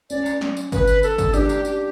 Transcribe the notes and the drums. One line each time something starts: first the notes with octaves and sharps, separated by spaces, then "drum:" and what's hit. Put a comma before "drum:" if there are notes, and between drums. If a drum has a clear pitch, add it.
C#4 D5, drum: tambourine
drum: tambourine
drum: snare
drum: tambourine
B4, drum: kick G#1, tambourine
drum: tambourine
A4, drum: tambourine
drum: kick G#1, tambourine
D4 G4, drum: tambourine
drum: tambourine
G4, drum: tambourine